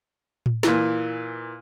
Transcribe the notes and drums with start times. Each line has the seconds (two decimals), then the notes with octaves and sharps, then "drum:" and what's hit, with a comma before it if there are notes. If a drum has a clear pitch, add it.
0.46 drum: tom A2
0.63 A#2 E3, drum: snare